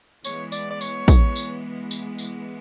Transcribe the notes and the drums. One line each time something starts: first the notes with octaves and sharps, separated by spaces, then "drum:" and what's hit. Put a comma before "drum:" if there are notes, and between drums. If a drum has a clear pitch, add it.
E3 G#3 B3 C#5, drum: tambourine
D5, drum: tambourine
D5
C#5, drum: tambourine
drum: kick, tambourine
drum: tambourine
drum: tambourine
drum: tambourine